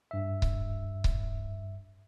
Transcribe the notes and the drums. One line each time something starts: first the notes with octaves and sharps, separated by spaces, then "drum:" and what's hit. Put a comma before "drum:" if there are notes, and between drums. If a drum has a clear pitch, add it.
G2 E5
drum: kick C#1
drum: kick C#1